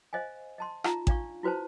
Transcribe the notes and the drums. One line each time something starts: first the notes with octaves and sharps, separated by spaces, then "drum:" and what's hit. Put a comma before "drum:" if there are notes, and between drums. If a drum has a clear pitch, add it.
C5 D#5 F5 G#5
D#5 A5 C6
D#4 F4 A#5, drum: rim click
D4 D5 F5 C#6, drum: kick A1
E4 F#4 B4 C5 A5